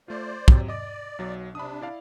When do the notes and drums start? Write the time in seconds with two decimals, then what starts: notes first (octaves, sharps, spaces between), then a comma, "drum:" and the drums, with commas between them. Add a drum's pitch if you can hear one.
0.08 A3 F4 C5 D5
0.48 C3 F#3, drum: kick
0.68 D5 D#5 D6
1.19 B1 F#3
1.55 C3 D4 B5 D#6
1.81 E4 D5 F5